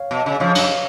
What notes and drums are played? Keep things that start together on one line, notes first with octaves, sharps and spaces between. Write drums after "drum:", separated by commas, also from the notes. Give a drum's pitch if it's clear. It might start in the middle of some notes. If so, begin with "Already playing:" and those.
Already playing: C#5 F5
B2
C#3
C#3 F3 C#5 F5
F#2, drum: cymbal